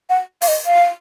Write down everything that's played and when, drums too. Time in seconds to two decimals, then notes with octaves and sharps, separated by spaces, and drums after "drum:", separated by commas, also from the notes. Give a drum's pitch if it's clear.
0.10 F#5
0.42 F5, drum: open hi-hat
0.48 D#5
0.66 F5